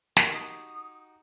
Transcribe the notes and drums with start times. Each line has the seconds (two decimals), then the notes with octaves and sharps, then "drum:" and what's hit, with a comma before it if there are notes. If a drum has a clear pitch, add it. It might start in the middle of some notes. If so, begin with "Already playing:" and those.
0.17 D#4 F#4 G4 A#4, drum: snare
0.33 D#6